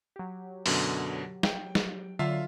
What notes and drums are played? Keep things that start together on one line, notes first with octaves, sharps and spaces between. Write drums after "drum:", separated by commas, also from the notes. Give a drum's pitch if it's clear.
F#3 G4
F#2 B2 D3, drum: open hi-hat
G5, drum: snare
drum: snare
D3 F#3 F4 E5 F5